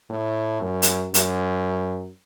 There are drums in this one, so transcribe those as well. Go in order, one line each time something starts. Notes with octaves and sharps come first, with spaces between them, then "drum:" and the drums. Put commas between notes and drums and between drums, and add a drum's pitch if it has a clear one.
A2
F#2
drum: hi-hat
F#2, drum: hi-hat